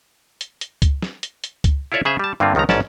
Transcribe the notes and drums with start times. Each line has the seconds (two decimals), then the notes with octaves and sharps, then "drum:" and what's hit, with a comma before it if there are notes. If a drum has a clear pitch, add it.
0.41 drum: hi-hat
0.61 drum: hi-hat
0.82 drum: kick C#2, hi-hat
1.02 drum: snare
1.23 drum: hi-hat
1.44 drum: hi-hat
1.64 drum: kick C#2, hi-hat
1.92 E4 F4 A4 C#5 D5 E5
2.05 C#3 G#4 C5 E5
2.19 G3 A5
2.40 G2 D3 A#3 C4 F4
2.55 C#2 D#3 F3 A3 A#5
2.69 A1 G#2 C#4 D5 A5, drum: snare